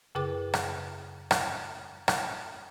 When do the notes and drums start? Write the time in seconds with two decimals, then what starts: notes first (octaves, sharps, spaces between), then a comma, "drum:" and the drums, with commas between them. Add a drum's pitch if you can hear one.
0.15 F#2 C#3 G#4 B4 G5 D6
0.54 drum: rim click
1.31 drum: rim click
2.08 drum: rim click